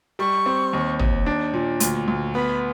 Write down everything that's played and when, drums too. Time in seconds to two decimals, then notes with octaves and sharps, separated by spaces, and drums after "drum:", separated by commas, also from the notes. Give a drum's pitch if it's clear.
0.19 G3 C#6
0.46 C4
0.73 D#2
0.99 D#2, drum: tom
1.26 D4
1.54 A#2
1.80 D2, drum: hi-hat
2.08 D2
2.35 B3 B5